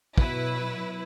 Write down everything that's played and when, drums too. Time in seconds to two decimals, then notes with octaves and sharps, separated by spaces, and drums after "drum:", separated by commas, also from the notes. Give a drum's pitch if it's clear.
0.18 B2 F#3 E4 B4, drum: kick